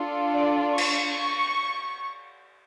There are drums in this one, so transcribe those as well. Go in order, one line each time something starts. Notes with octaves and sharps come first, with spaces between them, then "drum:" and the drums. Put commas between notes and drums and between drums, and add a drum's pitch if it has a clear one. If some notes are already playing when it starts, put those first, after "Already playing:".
Already playing: D4 F4 A4
D5
C#6, drum: cymbal